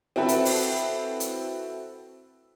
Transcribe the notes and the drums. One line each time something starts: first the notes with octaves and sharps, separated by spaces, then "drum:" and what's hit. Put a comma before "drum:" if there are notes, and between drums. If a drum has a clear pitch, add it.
C4 E4 F#4 A4 B4
drum: hi-hat
drum: open hi-hat
drum: hi-hat